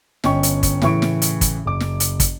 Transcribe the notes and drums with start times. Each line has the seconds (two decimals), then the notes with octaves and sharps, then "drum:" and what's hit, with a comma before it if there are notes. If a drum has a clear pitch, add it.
0.24 G1 C#4 D#5 G5 C#6, drum: snare
0.43 drum: hi-hat
0.63 drum: kick, hi-hat
0.82 A2 C#3 E3 C#6 D7, drum: snare
1.02 drum: snare
1.22 drum: hi-hat
1.41 drum: kick, hi-hat
1.66 F#1 D6
1.80 drum: snare
2.00 drum: hi-hat
2.20 drum: kick, hi-hat